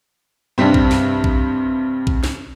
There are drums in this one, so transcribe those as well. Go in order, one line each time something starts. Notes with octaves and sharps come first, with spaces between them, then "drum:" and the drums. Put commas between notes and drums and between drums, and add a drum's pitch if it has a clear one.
G2 C3 G3 C4
drum: kick A#1
drum: snare
drum: kick A#1
drum: kick A#1
drum: snare